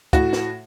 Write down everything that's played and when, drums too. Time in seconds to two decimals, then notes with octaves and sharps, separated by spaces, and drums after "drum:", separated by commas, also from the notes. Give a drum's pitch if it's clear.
0.13 A2 F#4, drum: kick, hi-hat
0.33 drum: snare